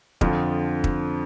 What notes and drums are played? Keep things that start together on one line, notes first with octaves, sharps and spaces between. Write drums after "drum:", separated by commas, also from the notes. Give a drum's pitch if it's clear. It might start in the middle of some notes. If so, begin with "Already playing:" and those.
F2 D3 F3, drum: kick
drum: kick